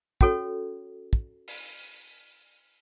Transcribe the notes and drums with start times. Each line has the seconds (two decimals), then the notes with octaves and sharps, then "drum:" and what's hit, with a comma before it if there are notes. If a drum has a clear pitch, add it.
0.21 C#4 F#4 A4 C#5, drum: kick
1.13 drum: kick
1.48 drum: open hi-hat